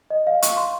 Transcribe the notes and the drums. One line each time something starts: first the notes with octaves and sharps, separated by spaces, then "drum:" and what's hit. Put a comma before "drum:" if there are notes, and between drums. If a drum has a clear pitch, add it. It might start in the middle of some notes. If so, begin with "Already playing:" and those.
D#5
F5
C#6, drum: hi-hat
C6